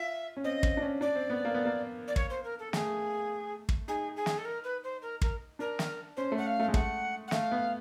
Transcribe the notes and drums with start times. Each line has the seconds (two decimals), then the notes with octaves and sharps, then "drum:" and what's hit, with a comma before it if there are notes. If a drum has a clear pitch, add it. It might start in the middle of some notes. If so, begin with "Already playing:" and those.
Already playing: F4 E5
0.37 C#4
0.44 C4 D#5
0.63 C4, drum: kick
0.77 D4
0.82 C#4
1.01 D4 D5
1.15 C4
1.30 B3
1.45 A#3
1.54 B3
1.65 A#3
2.07 D5
2.16 C#5, drum: kick
2.30 C5
2.44 A#4
2.59 A4
2.73 A3 G#4, drum: snare
3.69 drum: kick
3.88 D#4 G#4
4.16 G#4
4.26 drum: snare
4.38 A4
4.45 A#4
4.64 B4
4.83 C5
5.02 A#4
5.22 A#4, drum: kick
5.59 D4 A#4
5.79 drum: snare
6.16 C#4 C5
6.32 A3
6.38 F#5
6.46 F5
6.59 A3
6.68 G#3
6.74 A3 F#5, drum: kick
7.27 F#5
7.31 A3 F5, drum: snare
7.51 B3